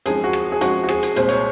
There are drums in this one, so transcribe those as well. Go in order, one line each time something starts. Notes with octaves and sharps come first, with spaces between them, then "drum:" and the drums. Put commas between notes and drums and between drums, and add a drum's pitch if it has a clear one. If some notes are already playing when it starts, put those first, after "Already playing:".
F#2 F3 G#3 C4 D#4 G#4, drum: hi-hat
F#4
drum: rim click
G#4
F#2 F3 G#3 C4 D#4 F#4, drum: hi-hat
F#4
G#4, drum: rim click
drum: hi-hat
C2 A#2 G#3 C5, drum: hi-hat
C#5, drum: hi-hat